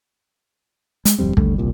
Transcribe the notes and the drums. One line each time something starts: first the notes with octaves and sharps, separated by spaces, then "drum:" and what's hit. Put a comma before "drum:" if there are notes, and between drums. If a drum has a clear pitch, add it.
G#3, drum: hi-hat
D1 F2 G3 C4
D#2 D3 G3 A3, drum: kick
E1 C2 A#2